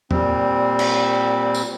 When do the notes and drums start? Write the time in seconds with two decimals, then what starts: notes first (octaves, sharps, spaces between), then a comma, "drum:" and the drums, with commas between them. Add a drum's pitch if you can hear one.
0.11 A#2 G3 C4, drum: tom E2
0.79 drum: cymbal
1.55 drum: tambourine